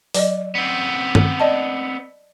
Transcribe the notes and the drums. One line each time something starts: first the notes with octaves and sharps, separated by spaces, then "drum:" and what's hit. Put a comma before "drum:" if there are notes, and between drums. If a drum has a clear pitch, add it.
F#3 D5 D#5, drum: open hi-hat
B3 C4
drum: tom
D5 D#5 A5